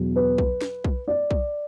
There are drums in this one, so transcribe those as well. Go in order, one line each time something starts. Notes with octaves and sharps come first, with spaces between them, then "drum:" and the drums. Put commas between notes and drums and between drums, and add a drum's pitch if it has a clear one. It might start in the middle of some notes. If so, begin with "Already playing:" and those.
Already playing: E2 B2 F#3
B4
drum: kick B1
drum: snare
drum: kick B1
D5
drum: kick B1